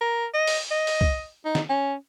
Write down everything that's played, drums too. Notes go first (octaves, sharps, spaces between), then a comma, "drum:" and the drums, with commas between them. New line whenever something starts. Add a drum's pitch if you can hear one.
A#4
D#5
drum: open hi-hat
D#5
drum: open hi-hat
drum: kick
D#4
drum: snare
C#4